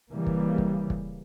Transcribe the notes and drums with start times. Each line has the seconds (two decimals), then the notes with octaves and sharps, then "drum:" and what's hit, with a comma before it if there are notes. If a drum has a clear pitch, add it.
0.10 C#3 E3 G3 A#3
0.27 drum: kick
0.58 drum: kick
0.90 drum: kick